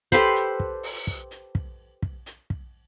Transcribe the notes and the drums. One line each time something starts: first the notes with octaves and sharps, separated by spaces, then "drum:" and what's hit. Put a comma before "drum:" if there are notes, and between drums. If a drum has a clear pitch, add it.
G4 A4 B4 C5, drum: kick
drum: hi-hat
drum: kick
drum: open hi-hat
drum: kick
drum: hi-hat
drum: kick
drum: kick
drum: hi-hat
drum: kick